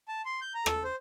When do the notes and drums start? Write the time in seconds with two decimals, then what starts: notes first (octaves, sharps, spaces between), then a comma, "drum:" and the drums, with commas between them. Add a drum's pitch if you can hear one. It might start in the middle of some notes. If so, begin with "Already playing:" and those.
0.08 A5
0.25 C6
0.42 G6
0.54 A#5
0.66 A4, drum: rim click
0.84 C5